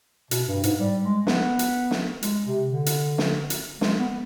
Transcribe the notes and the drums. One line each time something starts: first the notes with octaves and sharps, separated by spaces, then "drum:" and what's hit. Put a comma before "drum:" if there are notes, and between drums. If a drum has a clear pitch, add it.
B2, drum: hi-hat
G2
G#2, drum: hi-hat
G3
G#3
B3, drum: snare
drum: hi-hat
drum: snare
G#3, drum: hi-hat
C3
D3
drum: hi-hat
drum: snare
drum: hi-hat
G#3, drum: snare
B3